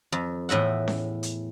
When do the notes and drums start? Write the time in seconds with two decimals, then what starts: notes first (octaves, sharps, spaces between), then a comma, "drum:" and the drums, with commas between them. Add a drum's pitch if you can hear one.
0.12 F2
0.49 E2 A2 D#5 E5 F#5
0.88 drum: snare C#4
1.23 drum: hi-hat